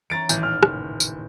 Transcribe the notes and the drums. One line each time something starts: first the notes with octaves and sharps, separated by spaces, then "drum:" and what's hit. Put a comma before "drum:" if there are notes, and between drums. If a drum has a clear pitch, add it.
E3 C#4 A#5 A6 D7
D#1 A1 E3 G6, drum: tambourine
F6
F#1, drum: rim click
drum: tambourine